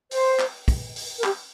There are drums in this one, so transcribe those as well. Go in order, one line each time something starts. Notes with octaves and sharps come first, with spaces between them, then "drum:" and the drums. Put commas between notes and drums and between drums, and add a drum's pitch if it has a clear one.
C5, drum: open hi-hat
drum: clap
drum: kick, open hi-hat
drum: open hi-hat
A#4
G4, drum: clap